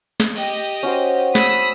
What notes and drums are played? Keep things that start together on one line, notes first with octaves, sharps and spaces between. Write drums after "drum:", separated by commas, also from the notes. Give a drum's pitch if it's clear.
drum: snare
G4 D#5, drum: cymbal
C#4 F#4 C5
B5 D#6 E6, drum: snare